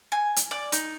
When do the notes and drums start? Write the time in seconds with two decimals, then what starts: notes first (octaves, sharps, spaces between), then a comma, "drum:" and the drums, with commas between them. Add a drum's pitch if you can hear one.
0.12 G#5
0.36 drum: hi-hat
0.51 D5
0.72 D#4, drum: hi-hat